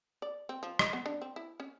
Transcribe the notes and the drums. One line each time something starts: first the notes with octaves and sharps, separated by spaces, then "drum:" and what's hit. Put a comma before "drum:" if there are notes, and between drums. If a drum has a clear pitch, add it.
D5
C4
F3
D#5, drum: rim click
B3
D4
C4
E4
C#4